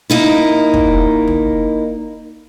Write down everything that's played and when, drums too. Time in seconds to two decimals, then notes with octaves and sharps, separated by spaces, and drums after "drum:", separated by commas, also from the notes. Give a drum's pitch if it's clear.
0.10 A#3 D#4 E4
0.74 drum: kick
1.27 drum: tom